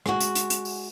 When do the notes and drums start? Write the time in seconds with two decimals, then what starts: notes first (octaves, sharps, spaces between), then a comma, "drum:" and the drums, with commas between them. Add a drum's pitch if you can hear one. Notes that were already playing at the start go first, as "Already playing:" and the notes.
0.06 G#3 F#4, drum: rim click
0.20 drum: hi-hat
0.35 drum: hi-hat
0.50 drum: hi-hat
0.65 drum: open hi-hat